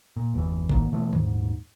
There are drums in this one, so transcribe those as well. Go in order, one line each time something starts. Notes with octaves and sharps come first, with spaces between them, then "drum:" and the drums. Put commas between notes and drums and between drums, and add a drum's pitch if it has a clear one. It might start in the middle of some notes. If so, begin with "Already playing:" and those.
A#2
G1 E2 D3 E3
B1 G#2 D#3 A#3, drum: kick G#1
B2 E3 A3
D#1 G#2, drum: tom D3